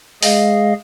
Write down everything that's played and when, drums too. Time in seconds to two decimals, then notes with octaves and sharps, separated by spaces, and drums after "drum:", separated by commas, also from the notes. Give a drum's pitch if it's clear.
0.23 G#3 G#4 D#5 F5, drum: open hi-hat